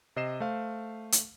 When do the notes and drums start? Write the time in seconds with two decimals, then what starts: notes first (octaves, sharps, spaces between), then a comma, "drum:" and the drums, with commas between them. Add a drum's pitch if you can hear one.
0.16 C3 D#5 C7 E7
0.40 A3 C5 F5
1.12 drum: hi-hat